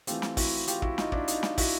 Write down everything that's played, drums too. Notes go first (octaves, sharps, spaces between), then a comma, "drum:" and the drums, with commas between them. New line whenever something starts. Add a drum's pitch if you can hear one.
E3 A3 C4 F4 G4, drum: hi-hat
drum: snare
E4 F#4, drum: kick, open hi-hat
F4 G4, drum: hi-hat
E4 F#4, drum: kick
D#4 F4, drum: snare
D4 E4, drum: kick
D#4 F4, drum: hi-hat
drum: snare
E4 F#4, drum: kick, open hi-hat